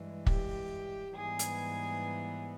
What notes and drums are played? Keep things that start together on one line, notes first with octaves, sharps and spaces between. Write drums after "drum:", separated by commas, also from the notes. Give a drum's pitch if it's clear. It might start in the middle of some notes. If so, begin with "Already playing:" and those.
Already playing: G2 E3 G#3
G4, drum: kick
G#2 E3 G3 B3 G#4
drum: hi-hat